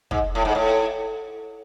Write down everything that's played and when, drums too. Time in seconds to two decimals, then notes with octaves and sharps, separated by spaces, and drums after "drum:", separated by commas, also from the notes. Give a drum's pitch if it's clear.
0.11 G#2, drum: kick
0.35 A2
0.45 G#2
0.55 A2